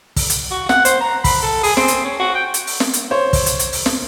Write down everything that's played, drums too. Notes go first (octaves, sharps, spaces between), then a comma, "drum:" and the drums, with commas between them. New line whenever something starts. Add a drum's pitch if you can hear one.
drum: kick, open hi-hat
drum: hi-hat
F#4
F#5, drum: snare
C5, drum: hi-hat
A#5
B5, drum: kick, open hi-hat
A4
G#4, drum: open hi-hat
C4, drum: snare
drum: hi-hat
C#4
F#4
G5
drum: hi-hat
drum: open hi-hat
drum: snare
drum: hi-hat
C5 C#5
drum: kick, open hi-hat
drum: hi-hat
drum: hi-hat
drum: open hi-hat
drum: snare